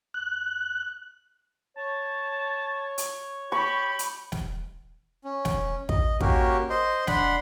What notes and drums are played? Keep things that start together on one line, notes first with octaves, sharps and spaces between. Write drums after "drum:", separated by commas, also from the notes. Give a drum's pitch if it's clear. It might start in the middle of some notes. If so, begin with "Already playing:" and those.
F#6
C#5 A5
drum: hi-hat
G4 B5 C#6
drum: hi-hat
drum: snare
C#4
drum: snare
D#5, drum: kick
A#3 C#4 F#4 G4 A#4, drum: kick
C5 D#5 C6
D4 F#5 B5 C6, drum: snare